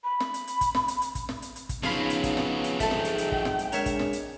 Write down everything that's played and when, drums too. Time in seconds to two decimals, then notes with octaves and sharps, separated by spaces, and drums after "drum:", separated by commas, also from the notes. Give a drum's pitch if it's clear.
0.04 B5
0.20 drum: snare
0.34 drum: hi-hat
0.47 drum: hi-hat
0.61 drum: kick, hi-hat
0.75 drum: snare
0.88 drum: hi-hat
1.02 drum: hi-hat
1.15 drum: kick, hi-hat
1.29 drum: snare
1.42 drum: hi-hat
1.56 drum: hi-hat
1.69 drum: kick, hi-hat
1.83 C#3 F3 F#3 B3 D#4 G#4 F5 B5, drum: snare
2.10 drum: hi-hat
2.23 drum: kick, hi-hat
2.37 drum: snare
2.64 drum: hi-hat
2.80 G#2 A3 A4 G5, drum: kick, hi-hat
2.91 drum: snare
3.05 drum: hi-hat
3.18 drum: hi-hat
3.32 drum: kick
3.45 drum: snare
3.59 drum: hi-hat
3.72 G#3 D4 A#4 C#5 E5, drum: hi-hat
3.86 drum: kick, hi-hat
3.99 drum: snare
4.13 drum: hi-hat